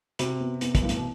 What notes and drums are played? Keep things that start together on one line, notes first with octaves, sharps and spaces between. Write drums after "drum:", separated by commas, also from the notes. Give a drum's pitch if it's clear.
C3 F#4, drum: hi-hat
B3
B3, drum: hi-hat
F#2, drum: kick, hi-hat
G2 E3
A2, drum: hi-hat
B2